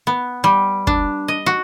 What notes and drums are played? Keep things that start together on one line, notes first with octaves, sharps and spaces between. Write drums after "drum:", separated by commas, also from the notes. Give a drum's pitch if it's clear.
B3
G3
D4, drum: kick
D#5
F#4